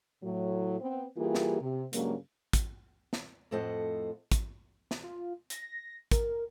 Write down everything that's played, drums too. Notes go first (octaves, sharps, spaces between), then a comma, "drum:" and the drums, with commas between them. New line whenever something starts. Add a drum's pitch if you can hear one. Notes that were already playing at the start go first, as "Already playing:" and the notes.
A2 F#3
B3 C4
E3 G3 A#3 F4 G4 G#4
drum: snare
C3
G2 C#3 F#3 G#3 A#3, drum: hi-hat
drum: kick, hi-hat
drum: snare
F2 A2 A4 C5 D#5 F#5
drum: kick, hi-hat
drum: snare
F4
A#6, drum: hi-hat
A#4, drum: kick, hi-hat